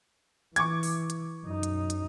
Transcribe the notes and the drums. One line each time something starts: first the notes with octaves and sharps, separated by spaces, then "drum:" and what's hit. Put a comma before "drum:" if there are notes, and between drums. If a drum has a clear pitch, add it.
E3 C#6 D6 G#6, drum: hi-hat
drum: open hi-hat
drum: hi-hat
F#2 D#4
drum: hi-hat
drum: hi-hat